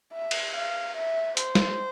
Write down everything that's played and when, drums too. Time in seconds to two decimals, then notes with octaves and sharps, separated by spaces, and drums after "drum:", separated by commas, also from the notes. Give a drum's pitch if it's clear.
0.13 E5
0.31 drum: cymbal
0.55 F5
0.96 E5
1.37 C5, drum: hi-hat
1.55 drum: snare